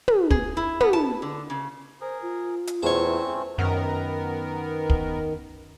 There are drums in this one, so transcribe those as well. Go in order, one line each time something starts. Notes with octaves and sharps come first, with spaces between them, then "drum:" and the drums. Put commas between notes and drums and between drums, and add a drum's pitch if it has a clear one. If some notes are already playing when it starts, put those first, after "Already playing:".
drum: tom
G#4, drum: kick
E4
B3, drum: tom
A5
D3
C#3
G#4 A#4 C5
F4
drum: hi-hat
E2 A3 C4 C#4 C5 C#5
F#2 D#3 B3 A#4
drum: kick